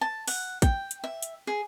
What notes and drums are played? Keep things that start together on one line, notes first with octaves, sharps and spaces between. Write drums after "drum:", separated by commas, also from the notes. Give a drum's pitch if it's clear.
A5
F#5, drum: open hi-hat
G5, drum: kick, hi-hat
drum: hi-hat
E5
drum: hi-hat
G#4